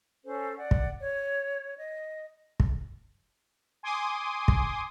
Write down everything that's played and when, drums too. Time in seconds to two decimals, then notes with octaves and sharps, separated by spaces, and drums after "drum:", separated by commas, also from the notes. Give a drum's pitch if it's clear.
0.24 C#4 A4 C5
0.58 D5 F#5
0.71 drum: kick
0.99 C#5
1.77 D#5
2.60 drum: kick
3.83 G#5 C6 D6 D#6
4.48 drum: kick